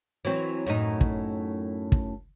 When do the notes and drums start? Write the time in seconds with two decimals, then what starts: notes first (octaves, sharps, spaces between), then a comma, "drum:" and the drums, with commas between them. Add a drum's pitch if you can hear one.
0.25 E3 F#3 C4
0.67 F#2 A2 D#4
1.01 drum: kick
1.92 drum: kick